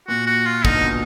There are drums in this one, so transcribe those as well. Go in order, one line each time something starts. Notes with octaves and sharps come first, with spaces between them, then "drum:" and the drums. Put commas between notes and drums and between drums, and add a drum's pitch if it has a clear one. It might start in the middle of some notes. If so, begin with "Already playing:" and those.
A#2 F#4
F#4
F4
D3 D#4, drum: kick
B2
A#2